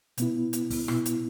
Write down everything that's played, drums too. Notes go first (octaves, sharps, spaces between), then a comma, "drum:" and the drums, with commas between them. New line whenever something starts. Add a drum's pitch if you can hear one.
B2 B3 E4, drum: hi-hat
drum: hi-hat
drum: kick, open hi-hat
B2 B3 E4, drum: rim click
drum: hi-hat